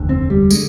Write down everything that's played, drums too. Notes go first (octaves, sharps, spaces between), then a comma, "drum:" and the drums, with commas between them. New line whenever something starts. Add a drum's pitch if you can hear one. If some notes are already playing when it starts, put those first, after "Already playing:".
Already playing: F1 D#2 D3
C4
G3
D3 G#3, drum: tambourine